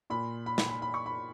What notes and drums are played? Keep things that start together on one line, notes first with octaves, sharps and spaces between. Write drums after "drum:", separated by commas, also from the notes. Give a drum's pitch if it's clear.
A#2 B5
B5
B5, drum: snare
B5
B5
C#6
B5